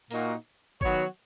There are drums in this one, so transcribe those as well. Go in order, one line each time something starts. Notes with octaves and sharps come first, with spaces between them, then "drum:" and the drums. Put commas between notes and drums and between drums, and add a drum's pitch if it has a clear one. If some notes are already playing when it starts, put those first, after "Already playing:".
A#2 A#3 D#4 F#4, drum: open hi-hat
D#3 F#3 B3 F#4 C#5, drum: kick